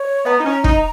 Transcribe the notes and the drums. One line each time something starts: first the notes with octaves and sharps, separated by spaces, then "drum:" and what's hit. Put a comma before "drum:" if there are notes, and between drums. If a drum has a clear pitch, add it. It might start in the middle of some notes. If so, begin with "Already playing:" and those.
Already playing: C#5
B3 A#5
D#4
C#4
D#4, drum: kick